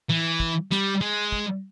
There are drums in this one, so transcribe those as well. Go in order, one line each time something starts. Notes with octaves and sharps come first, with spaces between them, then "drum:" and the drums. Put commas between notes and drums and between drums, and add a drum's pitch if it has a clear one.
E3, drum: tom A2
drum: kick
G3, drum: snare
G#3
drum: kick